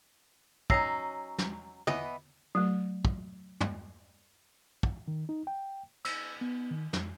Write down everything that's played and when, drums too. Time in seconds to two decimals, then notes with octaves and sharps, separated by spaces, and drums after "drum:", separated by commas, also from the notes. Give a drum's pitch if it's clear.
0.70 F#3 C#4 D#4 E6 A#6 C7, drum: kick
1.38 drum: snare
1.87 E3 B3 D#5, drum: tom
2.55 F#3 A3
3.05 drum: kick
3.61 drum: tom
4.83 drum: kick
5.08 D#3
5.29 D#4
5.47 G5
6.05 E6, drum: cymbal
6.41 B3
6.71 D#3
6.93 F2, drum: snare